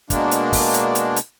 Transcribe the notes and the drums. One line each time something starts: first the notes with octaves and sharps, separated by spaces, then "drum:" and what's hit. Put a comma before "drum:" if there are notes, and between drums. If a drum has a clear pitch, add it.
B2 G#3 A#3 D4, drum: kick, hi-hat
drum: hi-hat
drum: kick, open hi-hat
drum: hi-hat
drum: hi-hat
drum: hi-hat